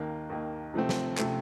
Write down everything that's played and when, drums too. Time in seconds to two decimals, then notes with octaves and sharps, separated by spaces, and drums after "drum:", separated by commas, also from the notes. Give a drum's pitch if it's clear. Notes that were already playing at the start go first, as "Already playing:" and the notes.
Already playing: D#2 D#3 A#3
0.30 D#2 D#3 A#3
0.74 C3 F3 A3 C4
0.89 drum: snare
1.18 C3 F3 A3 C4, drum: clap